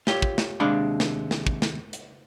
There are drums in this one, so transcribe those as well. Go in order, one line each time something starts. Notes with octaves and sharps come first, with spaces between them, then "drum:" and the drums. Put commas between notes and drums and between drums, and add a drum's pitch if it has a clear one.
F4 G4 C#5, drum: snare
drum: kick
drum: snare
D#2 C3 G#3 D4 F5 B5
drum: snare
drum: snare
drum: kick
drum: snare
drum: hi-hat